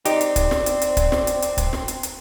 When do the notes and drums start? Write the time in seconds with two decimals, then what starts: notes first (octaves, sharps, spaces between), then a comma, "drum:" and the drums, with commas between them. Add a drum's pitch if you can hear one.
0.05 C4 D#4 G4 D5, drum: hi-hat
0.21 drum: hi-hat
0.36 drum: kick, hi-hat
0.51 drum: snare
0.66 drum: hi-hat
0.81 drum: hi-hat
0.97 drum: kick, hi-hat
1.12 drum: snare
1.27 drum: hi-hat
1.42 drum: hi-hat
1.58 drum: kick, hi-hat
1.73 drum: snare
1.88 drum: hi-hat
2.03 drum: hi-hat